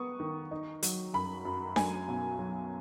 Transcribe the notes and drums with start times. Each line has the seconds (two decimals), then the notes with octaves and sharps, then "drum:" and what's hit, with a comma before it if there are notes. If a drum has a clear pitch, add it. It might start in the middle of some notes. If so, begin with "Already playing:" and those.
Already playing: B3 C#6 D#6
0.20 D#3
0.51 D#4
0.83 F#3, drum: hi-hat
1.14 F#2 B5
1.45 F#2
1.76 F#3 G#5, drum: snare D4
2.08 B1
2.39 F#3